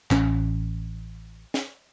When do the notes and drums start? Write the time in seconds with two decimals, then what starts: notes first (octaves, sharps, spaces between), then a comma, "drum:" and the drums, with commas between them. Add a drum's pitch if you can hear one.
0.11 A1 C#4, drum: clap
1.54 drum: snare